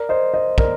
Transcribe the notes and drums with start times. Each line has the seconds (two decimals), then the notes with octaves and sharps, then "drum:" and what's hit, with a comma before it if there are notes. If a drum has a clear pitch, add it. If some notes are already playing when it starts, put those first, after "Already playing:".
Already playing: A#4 D5
0.09 C5 D#5
0.34 C5 D#5
0.58 A#4 D5, drum: kick